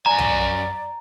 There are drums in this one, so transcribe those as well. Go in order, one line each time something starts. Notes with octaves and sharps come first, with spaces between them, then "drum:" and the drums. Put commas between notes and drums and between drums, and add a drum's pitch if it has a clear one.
F#2 D5 G#5 A#5
drum: tom B1